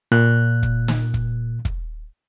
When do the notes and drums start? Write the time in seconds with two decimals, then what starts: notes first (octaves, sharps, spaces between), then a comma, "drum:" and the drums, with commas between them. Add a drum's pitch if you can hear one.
0.12 A#2 F#6
0.63 drum: kick
0.88 drum: snare
1.14 drum: kick
1.65 drum: kick